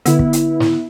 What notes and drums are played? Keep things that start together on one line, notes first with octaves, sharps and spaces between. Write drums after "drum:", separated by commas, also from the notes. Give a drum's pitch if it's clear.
D3 B3 E4, drum: hi-hat
drum: kick
drum: hi-hat
drum: snare